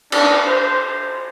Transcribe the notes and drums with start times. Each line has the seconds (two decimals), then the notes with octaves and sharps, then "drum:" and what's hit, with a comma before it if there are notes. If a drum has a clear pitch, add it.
0.12 D4, drum: cymbal
0.47 C5